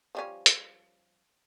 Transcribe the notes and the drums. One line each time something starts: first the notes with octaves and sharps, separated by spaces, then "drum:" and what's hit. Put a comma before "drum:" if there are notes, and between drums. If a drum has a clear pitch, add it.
F3 G3 C#4
drum: hi-hat